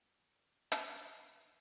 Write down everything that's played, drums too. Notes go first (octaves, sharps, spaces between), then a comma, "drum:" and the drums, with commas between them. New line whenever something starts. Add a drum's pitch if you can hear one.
A#1 F2 G#2 B2
C#3 A#4 D5
drum: hi-hat
F#4 A4 B4
D#3 F4